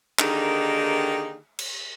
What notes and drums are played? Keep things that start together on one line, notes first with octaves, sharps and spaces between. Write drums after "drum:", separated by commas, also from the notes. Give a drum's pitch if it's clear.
D3 D#3 A#3 D#4 G4 G#4, drum: clap
drum: cymbal